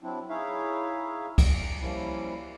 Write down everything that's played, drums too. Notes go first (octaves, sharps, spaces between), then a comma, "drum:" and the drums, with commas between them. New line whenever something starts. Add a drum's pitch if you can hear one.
F#3 C4 D4 E4
D#4 E4 G#4 C#5 E5 F5
drum: kick C2, cymbal
F3 G3 A#3 C#4 E4